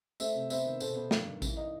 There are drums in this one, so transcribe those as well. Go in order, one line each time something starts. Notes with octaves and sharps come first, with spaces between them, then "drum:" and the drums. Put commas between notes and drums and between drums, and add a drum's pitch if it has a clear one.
A3 C5 E5, drum: tambourine
C3
B3 C5 E5, drum: tambourine
D#3
B2 A4 C5, drum: tambourine
B3
G2, drum: snare
D#3
E3, drum: kick A1, tambourine
D#4